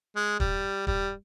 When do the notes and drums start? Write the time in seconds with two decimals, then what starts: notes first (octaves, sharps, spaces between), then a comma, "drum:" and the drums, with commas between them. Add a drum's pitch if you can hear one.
0.16 G#3
0.40 G3, drum: kick
0.87 G3, drum: kick